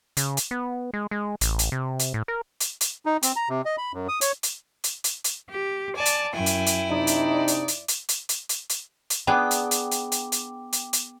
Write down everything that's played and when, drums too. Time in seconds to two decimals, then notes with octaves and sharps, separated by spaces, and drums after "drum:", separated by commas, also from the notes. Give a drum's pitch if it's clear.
0.17 C#3, drum: hi-hat
0.37 drum: hi-hat
0.51 B3
0.93 G#3
1.11 G#3
1.41 A1, drum: hi-hat
1.59 drum: hi-hat
1.72 C3
2.00 drum: hi-hat
2.14 A2
2.28 A#4
2.60 drum: hi-hat
2.81 drum: hi-hat
3.06 D#4
3.23 C4, drum: hi-hat
3.36 A#5
3.49 C3
3.65 D#5
3.78 B5
3.93 F#2
4.08 D#6
4.21 C#5, drum: hi-hat
4.43 drum: hi-hat
4.84 drum: hi-hat
5.04 drum: hi-hat
5.24 drum: hi-hat
5.48 G4
5.94 D5 G#5 A5
6.06 drum: hi-hat
6.34 F#2 E4 G5 G#5
6.46 drum: hi-hat
6.67 drum: hi-hat
6.90 C3 D4 D#4 D5
7.07 drum: hi-hat
7.48 drum: hi-hat
7.68 drum: hi-hat
7.88 drum: hi-hat
8.09 drum: hi-hat
8.29 drum: hi-hat
8.49 drum: hi-hat
8.70 drum: hi-hat
9.10 drum: hi-hat
9.27 B3 D4 G#4 G5 D6
9.51 drum: hi-hat
9.71 drum: hi-hat
9.91 drum: hi-hat
10.12 drum: hi-hat
10.32 drum: hi-hat
10.73 drum: hi-hat
10.93 drum: hi-hat